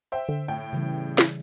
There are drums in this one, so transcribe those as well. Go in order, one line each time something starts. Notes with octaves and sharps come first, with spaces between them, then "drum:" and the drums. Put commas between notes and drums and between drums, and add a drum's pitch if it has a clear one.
C5 E5 G5
D3
A2 G5
C#3 E3 G3
drum: snare